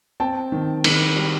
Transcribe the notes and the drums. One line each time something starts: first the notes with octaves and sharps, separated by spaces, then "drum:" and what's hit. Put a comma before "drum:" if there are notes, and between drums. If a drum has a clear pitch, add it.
C4 G5 A5
D#3
D#3, drum: cymbal
G3